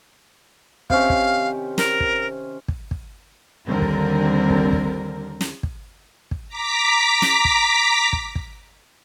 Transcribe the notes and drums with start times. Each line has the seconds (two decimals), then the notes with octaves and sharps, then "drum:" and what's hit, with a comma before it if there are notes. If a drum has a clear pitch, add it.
0.90 C3 D#3 C#4 F5, drum: kick
1.10 drum: kick
1.78 A#4, drum: snare
2.00 drum: kick
2.68 drum: kick
2.91 drum: kick
3.67 D#2 D3 G3 C4 A#4
3.82 drum: kick
4.50 drum: kick
4.73 drum: kick
5.41 drum: snare
5.63 drum: kick
6.31 drum: kick
6.48 A#5 D6 B6
7.22 drum: snare
7.45 drum: kick
8.13 drum: kick
8.35 drum: kick